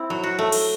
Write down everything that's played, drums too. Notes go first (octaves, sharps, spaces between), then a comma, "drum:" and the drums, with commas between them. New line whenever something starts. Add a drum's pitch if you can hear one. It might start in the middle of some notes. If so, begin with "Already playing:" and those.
Already playing: C4 E4
F#3
F#4
A3
drum: cymbal